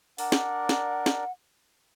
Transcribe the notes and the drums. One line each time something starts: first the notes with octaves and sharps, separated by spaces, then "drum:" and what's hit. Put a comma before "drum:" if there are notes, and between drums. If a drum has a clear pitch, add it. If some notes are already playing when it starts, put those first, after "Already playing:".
D4 A#4 D5 F#5, drum: open hi-hat
drum: snare
drum: snare
drum: snare